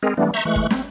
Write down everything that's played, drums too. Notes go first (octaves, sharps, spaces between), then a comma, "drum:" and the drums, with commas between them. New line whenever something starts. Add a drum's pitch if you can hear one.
G#3 C4 G#4 A#4
E3 G3 A3 B3 D4
E5 A#5 C#6 G6
E3 G#3 A3 C#6 F#6
drum: kick
C4, drum: snare